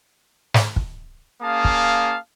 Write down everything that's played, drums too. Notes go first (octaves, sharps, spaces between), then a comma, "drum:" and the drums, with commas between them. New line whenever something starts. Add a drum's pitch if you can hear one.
drum: snare
drum: kick
A#3 C#4 G#4 F5 A5 D#6
drum: kick